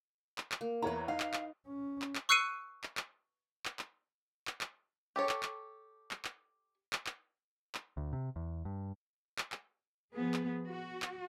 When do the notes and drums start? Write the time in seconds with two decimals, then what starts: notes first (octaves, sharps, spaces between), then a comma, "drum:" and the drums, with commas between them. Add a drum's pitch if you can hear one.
0.38 drum: clap
0.52 drum: clap
0.61 A#3
0.82 E2 E4 B4 C#5 A#5
1.08 D#4 F5
1.20 drum: clap
1.34 drum: clap
1.67 C#4
2.02 drum: clap
2.15 drum: clap
2.29 C#6 E6 F#6 C7 C#7 D#7
2.84 drum: clap
2.97 drum: clap
3.65 drum: clap
3.79 drum: clap
4.47 drum: clap
4.61 drum: clap
5.16 G4 A4 C#5
5.29 drum: clap
5.43 drum: clap
6.11 drum: clap
6.25 drum: clap
6.93 drum: clap
7.06 drum: clap
7.75 drum: clap
7.97 D2
8.13 C3
8.36 E2
8.65 G2
9.38 drum: clap
9.52 drum: clap
10.15 F3 B3 G#4
10.34 drum: clap
10.67 F#4
11.02 drum: clap